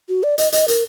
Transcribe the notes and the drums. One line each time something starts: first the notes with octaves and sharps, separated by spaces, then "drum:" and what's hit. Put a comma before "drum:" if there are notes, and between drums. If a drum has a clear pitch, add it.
F#4
D5
D#5, drum: hi-hat
D#5, drum: hi-hat
A#4, drum: hi-hat